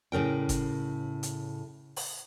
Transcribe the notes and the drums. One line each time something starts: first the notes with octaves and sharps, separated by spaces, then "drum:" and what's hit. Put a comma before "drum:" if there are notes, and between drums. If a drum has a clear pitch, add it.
A2 C#3 A#4 G5
drum: kick G1, hi-hat
drum: hi-hat
drum: open hi-hat